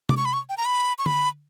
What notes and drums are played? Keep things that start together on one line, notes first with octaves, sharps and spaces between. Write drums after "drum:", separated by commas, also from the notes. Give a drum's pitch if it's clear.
D6, drum: tom C3
C#6
B5
C#6
G5
A#5
B5
C#6
B5, drum: tom D3